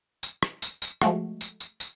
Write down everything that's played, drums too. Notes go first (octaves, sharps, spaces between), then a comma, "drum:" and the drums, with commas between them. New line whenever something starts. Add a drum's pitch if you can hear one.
drum: tambourine
drum: rim click
drum: tambourine
drum: tambourine
F3 G#3 A3 F#4, drum: rim click
drum: tambourine
drum: tambourine
drum: tambourine